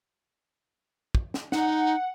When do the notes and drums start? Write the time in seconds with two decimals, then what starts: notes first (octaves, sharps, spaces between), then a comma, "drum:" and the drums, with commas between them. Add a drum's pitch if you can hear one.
1.15 drum: kick
1.34 drum: snare
1.52 D#4 F#5, drum: snare